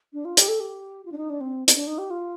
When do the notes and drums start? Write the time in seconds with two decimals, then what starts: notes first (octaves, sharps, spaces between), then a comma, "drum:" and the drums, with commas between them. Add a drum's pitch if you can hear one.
0.13 D4
0.25 F4
0.37 G4, drum: hi-hat
0.48 A4
0.60 G4
1.05 F4
1.12 D4
1.17 D#4
1.30 D4
1.41 C4
1.68 C4, drum: hi-hat
1.75 D4
1.87 D#4
1.98 G4
2.10 F4